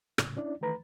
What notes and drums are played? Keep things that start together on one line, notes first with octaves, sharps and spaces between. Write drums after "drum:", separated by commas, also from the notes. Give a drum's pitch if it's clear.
A2 C#3, drum: rim click
C#4 D4 E4 D5
D#3 E3 A3 B4 A#5 B5